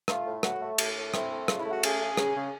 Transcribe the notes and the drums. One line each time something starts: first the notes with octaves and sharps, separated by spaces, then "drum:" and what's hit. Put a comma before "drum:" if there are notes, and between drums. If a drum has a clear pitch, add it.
A3 F4, drum: rim click
A2
A2 F#4, drum: rim click
A3
A2, drum: cymbal
A3
C4 E4, drum: rim click
A3
C#3 F4, drum: rim click
E4
A3
F#4
C#3 G#4, drum: cymbal
C#3
C#3, drum: rim click
C#3